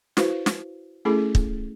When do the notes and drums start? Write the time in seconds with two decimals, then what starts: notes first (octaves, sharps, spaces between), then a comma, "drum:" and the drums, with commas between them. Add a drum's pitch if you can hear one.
0.17 E4 F#4 B4 C5 F5, drum: snare
0.46 drum: snare
1.05 A3 C#4 E4 G#4 A4
1.35 drum: kick